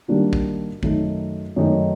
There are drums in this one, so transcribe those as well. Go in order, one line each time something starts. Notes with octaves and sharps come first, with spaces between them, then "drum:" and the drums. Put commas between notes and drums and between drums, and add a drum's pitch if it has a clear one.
D#3 G3 A#3 D4 F#4
drum: kick A1
F#2 D#3 A3 D#4, drum: kick A1
F#2 D#3 A3 D#4